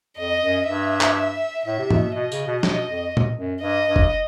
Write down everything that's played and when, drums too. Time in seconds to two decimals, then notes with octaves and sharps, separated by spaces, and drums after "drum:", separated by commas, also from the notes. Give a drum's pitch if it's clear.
0.18 F2 D#5
0.42 F#2
0.67 G2 E5
1.01 drum: clap
1.65 A2 E5
1.79 C3
1.91 B2, drum: tom
2.14 B2 D#5
2.32 C#3, drum: tambourine
2.47 B2
2.63 B2 D#5, drum: snare
2.89 F2
3.17 drum: tom A#2
3.37 F#2
3.62 G2 D#5
3.86 G2
3.96 drum: kick F1